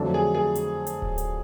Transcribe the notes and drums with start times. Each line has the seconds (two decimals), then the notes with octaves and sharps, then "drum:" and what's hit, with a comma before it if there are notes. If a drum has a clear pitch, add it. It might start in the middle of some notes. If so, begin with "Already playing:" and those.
Already playing: F2 D3 F#3 A3 D4 A4
0.14 G#4
0.34 G#4
0.55 drum: hi-hat
0.87 drum: hi-hat
1.02 drum: kick D1
1.18 drum: hi-hat